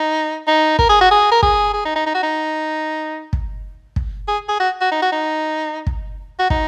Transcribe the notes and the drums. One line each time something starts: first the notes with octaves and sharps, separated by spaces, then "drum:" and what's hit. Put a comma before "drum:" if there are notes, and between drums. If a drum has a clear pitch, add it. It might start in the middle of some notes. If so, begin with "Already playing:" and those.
Already playing: D#4
D#4
A#4, drum: kick
G#4
F#4
G#4
A#4
G#4, drum: kick
G#4
D#4
D#4
D#4
F#4
D#4
drum: kick
drum: kick
G#4
G#4
F#4
F#4
D#4
F#4
D#4
drum: kick
F#4
D#4, drum: kick